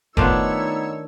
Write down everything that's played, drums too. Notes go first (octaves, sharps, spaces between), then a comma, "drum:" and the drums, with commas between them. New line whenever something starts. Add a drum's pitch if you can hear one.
D#3 A3 B3 D4 D#4 F4 C#5 E6, drum: kick F1